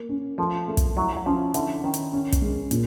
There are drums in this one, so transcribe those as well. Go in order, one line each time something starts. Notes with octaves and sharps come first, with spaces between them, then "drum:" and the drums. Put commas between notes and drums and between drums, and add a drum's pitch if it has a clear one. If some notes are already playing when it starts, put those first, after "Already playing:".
Already playing: A#3
C#4
F3 A3
A3
drum: kick, hi-hat
F#3 E4
F#3
F3 C#4
D3 E4, drum: hi-hat
D#3 C#4
drum: hi-hat
C#4
drum: kick, hi-hat
G#3
A#2, drum: hi-hat